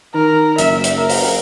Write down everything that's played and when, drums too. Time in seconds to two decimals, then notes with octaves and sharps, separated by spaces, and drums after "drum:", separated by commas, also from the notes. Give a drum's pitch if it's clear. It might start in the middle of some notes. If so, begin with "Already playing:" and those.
0.14 D#3 A#4
0.58 F#1 E5, drum: hi-hat
0.84 drum: hi-hat
0.97 A#4
1.09 drum: open hi-hat